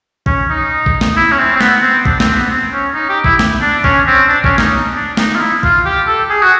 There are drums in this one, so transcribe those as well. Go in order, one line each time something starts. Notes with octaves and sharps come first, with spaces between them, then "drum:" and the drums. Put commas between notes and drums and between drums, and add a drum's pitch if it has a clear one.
C#4, drum: kick
D#4
drum: kick
drum: snare
E4
C#4
C4
C4
B3, drum: snare
C4
D4, drum: kick
C4, drum: snare
B3
C4
C#4
D#4
G4
E4, drum: kick
drum: snare
D4
C#4, drum: kick
C4
D4
C#4, drum: kick
D#4, drum: snare
D4
D#4, drum: snare
F4
E4
F4, drum: kick
G4
A4
G#4
F#4